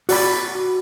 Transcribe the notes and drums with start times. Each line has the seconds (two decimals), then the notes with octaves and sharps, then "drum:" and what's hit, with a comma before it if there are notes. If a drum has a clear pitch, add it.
0.09 F#4 D5 B5, drum: open hi-hat